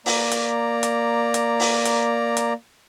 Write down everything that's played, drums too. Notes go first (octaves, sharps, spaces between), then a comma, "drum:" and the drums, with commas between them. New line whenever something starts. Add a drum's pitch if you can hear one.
A#3 D5 A#5, drum: open hi-hat
drum: hi-hat
drum: hi-hat
drum: hi-hat
drum: open hi-hat
drum: hi-hat
drum: hi-hat